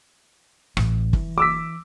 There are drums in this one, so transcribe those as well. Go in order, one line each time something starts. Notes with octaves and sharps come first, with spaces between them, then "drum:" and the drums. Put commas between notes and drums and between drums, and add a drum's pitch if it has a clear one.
A1, drum: rim click
E3, drum: kick
D6 E6 B6